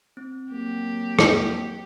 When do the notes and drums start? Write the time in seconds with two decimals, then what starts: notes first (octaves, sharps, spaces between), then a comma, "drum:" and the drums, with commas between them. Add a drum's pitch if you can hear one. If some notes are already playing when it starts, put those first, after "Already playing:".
0.17 C4
0.52 F#3 A#3 G4
1.19 drum: rim click